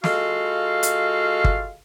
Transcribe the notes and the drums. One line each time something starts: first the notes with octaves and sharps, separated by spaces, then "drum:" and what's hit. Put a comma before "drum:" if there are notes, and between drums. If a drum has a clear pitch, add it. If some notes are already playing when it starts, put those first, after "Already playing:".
G#3 F4 F#4 A4 F5, drum: snare
drum: hi-hat
drum: kick G1